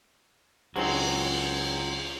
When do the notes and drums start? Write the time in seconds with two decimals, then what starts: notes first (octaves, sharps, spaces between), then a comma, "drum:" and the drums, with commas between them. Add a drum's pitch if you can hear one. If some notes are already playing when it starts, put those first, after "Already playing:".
0.76 C#2 F#3 G#3 C4, drum: cymbal